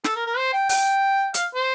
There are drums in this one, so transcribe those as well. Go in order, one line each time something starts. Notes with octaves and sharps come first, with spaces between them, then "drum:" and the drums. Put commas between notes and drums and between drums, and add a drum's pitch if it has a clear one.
A4, drum: snare
A#4
A#4
C5
G5
G5, drum: open hi-hat
F5, drum: hi-hat
C5